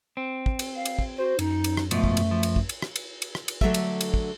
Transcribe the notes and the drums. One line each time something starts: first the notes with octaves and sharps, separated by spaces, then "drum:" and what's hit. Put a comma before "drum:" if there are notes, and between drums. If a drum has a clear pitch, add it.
C4
drum: kick
drum: cymbal
F5
drum: cymbal
drum: kick
F#4 C5
F#2 D#4, drum: cymbal
drum: cymbal
drum: rim click
G#2 B2 F3 A3, drum: cymbal
drum: kick
drum: cymbal
F3
drum: cymbal
drum: kick
drum: cymbal
drum: rim click
drum: cymbal
drum: cymbal
drum: rim click
drum: cymbal
D3 F#3 A3 E5, drum: kick
drum: cymbal
drum: cymbal
drum: kick